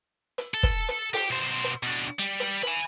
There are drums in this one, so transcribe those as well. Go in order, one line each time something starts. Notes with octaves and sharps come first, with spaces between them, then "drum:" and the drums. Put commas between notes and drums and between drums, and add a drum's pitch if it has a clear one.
drum: hi-hat
A4
drum: kick, hi-hat
drum: hi-hat
G4, drum: open hi-hat
B2 C5
drum: hi-hat
B2 D4
G3
drum: hi-hat
G#5 B5, drum: hi-hat